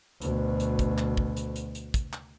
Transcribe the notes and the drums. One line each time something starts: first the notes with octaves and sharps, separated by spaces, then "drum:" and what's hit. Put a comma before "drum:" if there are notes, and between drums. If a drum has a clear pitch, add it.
D2 B2, drum: hi-hat
drum: hi-hat
drum: kick, hi-hat
drum: clap
drum: kick
drum: hi-hat
drum: hi-hat
drum: hi-hat
drum: kick, hi-hat
drum: clap